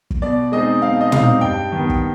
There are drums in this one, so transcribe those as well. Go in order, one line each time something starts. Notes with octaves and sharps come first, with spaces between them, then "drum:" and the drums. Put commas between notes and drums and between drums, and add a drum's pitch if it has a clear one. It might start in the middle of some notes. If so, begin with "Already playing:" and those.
drum: kick
B2 D5
G#3 C4 D#4 D#5
B2 F5
D#5
G#3 C4 D#4 F5, drum: tom
G2 G5
D#3 B3
drum: kick